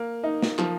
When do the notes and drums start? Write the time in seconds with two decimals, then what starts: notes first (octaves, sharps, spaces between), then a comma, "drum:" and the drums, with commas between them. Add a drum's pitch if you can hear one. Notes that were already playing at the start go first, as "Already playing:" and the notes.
Already playing: A#3
0.23 D#4
0.42 drum: snare
0.59 F3, drum: clap